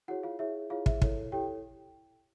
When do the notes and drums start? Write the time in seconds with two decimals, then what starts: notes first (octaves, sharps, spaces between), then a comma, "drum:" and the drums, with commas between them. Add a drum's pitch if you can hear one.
0.08 E4 F#4 G#4 C#5 F#5
0.23 F4 F5
0.39 E4 G#4 C#5 E5
0.70 E4 F4 G#4 C#5 F5
0.86 E5, drum: kick
1.02 E4 A4 C#5, drum: kick
1.32 E4 G4 A4 C#5 G5